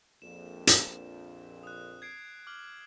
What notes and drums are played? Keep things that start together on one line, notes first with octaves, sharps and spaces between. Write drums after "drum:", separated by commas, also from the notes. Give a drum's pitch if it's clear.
A#1 F2 E7
drum: hi-hat
D#6 F#6
G#6 C7 D7
D6 F6 F#7